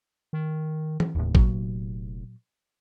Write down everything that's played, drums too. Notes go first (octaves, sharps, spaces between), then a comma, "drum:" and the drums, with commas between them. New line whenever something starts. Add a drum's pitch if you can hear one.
D#3
drum: tom E3
F1 D#2 A2
A#2 F#3, drum: kick